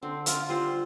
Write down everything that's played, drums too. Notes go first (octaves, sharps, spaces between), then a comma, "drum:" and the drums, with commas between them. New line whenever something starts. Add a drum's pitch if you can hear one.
D3 C4
F4, drum: hi-hat
G3 C4 F4 C5